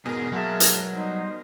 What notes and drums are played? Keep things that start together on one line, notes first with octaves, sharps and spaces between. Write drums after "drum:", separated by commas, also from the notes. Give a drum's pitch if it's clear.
E2 G#2 B2 G#4 A#4
F#3 G#3 A#3 G#4 E5 A5 F6
drum: hi-hat
G3 D#4 C5